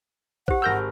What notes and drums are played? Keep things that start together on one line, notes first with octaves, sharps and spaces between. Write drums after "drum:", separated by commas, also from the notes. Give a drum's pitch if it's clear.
G4 C5 F#5, drum: kick A#1
G#1 A#4 E6 F6 G6 A#6